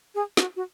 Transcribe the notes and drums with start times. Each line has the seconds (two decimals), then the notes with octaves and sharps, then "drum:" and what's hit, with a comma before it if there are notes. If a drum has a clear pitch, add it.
0.15 G#4
0.37 F#4, drum: snare
0.56 F#4